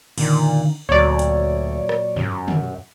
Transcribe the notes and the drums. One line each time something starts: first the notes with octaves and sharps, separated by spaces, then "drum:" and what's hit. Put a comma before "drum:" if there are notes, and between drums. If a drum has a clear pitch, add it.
A#2 D3 D#3, drum: cymbal
D2 A#2 F#3 C#5 D5
drum: hi-hat
drum: rim click
F#2, drum: tom
drum: tom